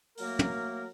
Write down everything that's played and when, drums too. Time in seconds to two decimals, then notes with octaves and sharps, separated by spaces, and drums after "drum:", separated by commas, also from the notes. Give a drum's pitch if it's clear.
0.17 F#3 A3 A#3 A#4, drum: open hi-hat
0.39 drum: tom